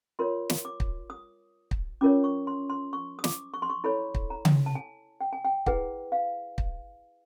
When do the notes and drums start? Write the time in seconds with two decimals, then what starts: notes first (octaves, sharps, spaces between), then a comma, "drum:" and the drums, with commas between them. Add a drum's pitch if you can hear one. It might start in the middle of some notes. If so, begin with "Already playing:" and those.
0.19 F4 A#4 C#5 C6
0.50 drum: snare
0.65 D6
0.80 drum: kick
1.10 D#6
1.71 drum: kick
2.01 C#4 F4 A#4 C#5 D6
2.24 C#6
2.47 C6
2.70 C6
2.93 C#6
3.19 D#6
3.24 D6, drum: snare
3.54 C#6
3.62 C6
3.70 C#6
3.84 E4 A4 C#5 B5
4.15 drum: kick
4.30 A#5
4.45 drum: tom C#3
4.66 A5
4.75 G#5
5.21 G5
5.33 G#5
5.45 G5
5.66 E4 G#4 B4 F#5, drum: kick
6.12 F5
6.58 drum: kick